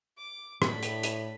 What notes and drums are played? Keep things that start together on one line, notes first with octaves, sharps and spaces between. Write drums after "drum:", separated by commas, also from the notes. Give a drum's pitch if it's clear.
D6
A2 D4 B5, drum: rim click
drum: hi-hat
drum: hi-hat